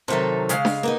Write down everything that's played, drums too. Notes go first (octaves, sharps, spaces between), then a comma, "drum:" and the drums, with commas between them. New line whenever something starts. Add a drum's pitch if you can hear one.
C3 D#3 F#3 A4 E5
C#3 G#3 F5, drum: hi-hat
drum: snare D4
A#3 B3 D#4